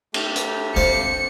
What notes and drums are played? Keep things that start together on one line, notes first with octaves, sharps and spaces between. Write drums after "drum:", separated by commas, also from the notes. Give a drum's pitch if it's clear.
A3 G4, drum: cymbal
drum: hi-hat
D#3 C4 C5 D5 F5 C#7